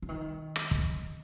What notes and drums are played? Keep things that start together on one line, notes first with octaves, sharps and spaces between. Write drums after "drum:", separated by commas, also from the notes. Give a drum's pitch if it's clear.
D3
D#3
drum: rim click
drum: kick